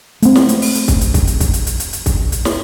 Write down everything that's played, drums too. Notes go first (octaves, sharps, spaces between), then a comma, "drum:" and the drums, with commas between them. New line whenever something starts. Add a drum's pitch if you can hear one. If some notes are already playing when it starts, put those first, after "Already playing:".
A3 C4, drum: hi-hat
drum: snare
drum: hi-hat
drum: open hi-hat
drum: hi-hat
drum: kick, hi-hat
drum: hi-hat
drum: kick, hi-hat
drum: hi-hat
drum: kick, hi-hat
drum: hi-hat
drum: hi-hat
drum: hi-hat
drum: hi-hat
drum: kick, hi-hat
drum: hi-hat
drum: snare